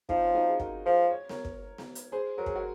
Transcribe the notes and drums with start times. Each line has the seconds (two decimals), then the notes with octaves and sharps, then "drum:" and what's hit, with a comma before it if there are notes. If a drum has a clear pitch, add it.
0.09 F3 C4 D#4, drum: kick
0.22 C#4 F4
0.34 D#4 F#4
0.47 F4 G#4
0.60 F#4 A#4, drum: kick
0.85 F3 G#4 C5
1.10 C#5
1.29 A#4 C#5, drum: snare B3
1.45 drum: kick
1.78 drum: snare B3
1.95 drum: hi-hat
2.12 G#4 C5
2.37 F#3 A#4
2.46 G#4, drum: kick
2.55 F#4 A#4